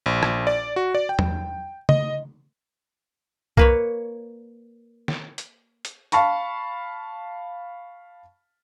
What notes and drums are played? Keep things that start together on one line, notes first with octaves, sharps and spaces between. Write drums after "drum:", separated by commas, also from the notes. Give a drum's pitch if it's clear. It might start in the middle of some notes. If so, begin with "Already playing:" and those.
A#1
drum: rim click
D5
F#4
D5
G5
drum: tom E2
D#5, drum: tom C#3
A#3 B4 C#5, drum: kick C2
drum: snare
drum: hi-hat
drum: hi-hat
F5 A5 B5 C#6, drum: hi-hat